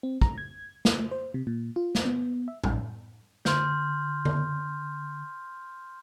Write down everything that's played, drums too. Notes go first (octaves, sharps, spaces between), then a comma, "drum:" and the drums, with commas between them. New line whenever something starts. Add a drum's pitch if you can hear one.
C4
A#5, drum: kick
G#6
A3, drum: snare
C5
C3
A#2
F4
drum: snare
B3
E5
A#1, drum: tom A2
D3 C6 F6 G6, drum: snare
drum: tom D3